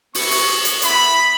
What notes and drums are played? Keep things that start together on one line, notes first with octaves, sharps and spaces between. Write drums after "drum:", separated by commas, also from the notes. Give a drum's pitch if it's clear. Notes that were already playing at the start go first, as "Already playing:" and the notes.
B3 E4 C#6, drum: open hi-hat
drum: open hi-hat
drum: hi-hat
B3 E4 B5, drum: hi-hat